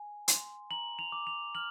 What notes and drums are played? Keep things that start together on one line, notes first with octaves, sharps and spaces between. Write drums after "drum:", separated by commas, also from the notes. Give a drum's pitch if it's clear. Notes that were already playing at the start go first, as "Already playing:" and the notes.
Already playing: G#5
C6, drum: hi-hat
A#5 F#7
F7
D6
F7
F6 F#7